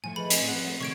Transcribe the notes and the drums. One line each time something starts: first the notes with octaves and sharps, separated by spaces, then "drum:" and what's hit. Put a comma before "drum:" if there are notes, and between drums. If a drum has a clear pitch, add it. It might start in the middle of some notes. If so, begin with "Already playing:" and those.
A2 F3 A3 G#5
G#4 B4 D#5 B5
C4, drum: hi-hat
F#5
A3
A2 C3 D#3 C#6 G#6 D7